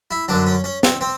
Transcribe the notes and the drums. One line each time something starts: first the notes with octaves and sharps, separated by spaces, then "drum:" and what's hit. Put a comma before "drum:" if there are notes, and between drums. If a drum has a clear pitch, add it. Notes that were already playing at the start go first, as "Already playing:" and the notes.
E4
F#2 D3 F#3 D4
C#4
C#4
C4, drum: snare
C4